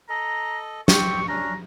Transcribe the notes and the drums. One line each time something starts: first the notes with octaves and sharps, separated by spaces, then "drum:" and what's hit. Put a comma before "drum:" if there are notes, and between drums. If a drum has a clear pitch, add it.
A4 D#5 A#5
C4 G4 G5 C#6, drum: snare
C#4 D4 A#5